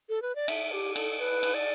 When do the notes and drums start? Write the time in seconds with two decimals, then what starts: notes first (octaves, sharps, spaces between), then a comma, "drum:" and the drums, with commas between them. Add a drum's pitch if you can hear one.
0.09 A4
0.22 B4
0.36 D5
0.48 E5, drum: cymbal
0.72 G4
0.96 A4, drum: cymbal
1.19 B4
1.43 drum: cymbal
1.54 D5